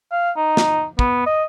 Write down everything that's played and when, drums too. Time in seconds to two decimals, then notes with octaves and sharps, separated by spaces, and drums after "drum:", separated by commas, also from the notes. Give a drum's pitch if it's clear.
0.12 F5
0.37 D#4
0.57 drum: snare
0.99 B3, drum: kick
1.26 D#5